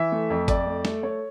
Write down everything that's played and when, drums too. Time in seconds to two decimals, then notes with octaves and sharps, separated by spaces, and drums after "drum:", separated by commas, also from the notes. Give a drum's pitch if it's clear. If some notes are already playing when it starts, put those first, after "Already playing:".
Already playing: E3 E5
0.12 A3
0.30 F2
0.48 F2 D5, drum: kick G#1, hi-hat
0.66 A3
0.85 A3, drum: snare
1.03 A3 C#5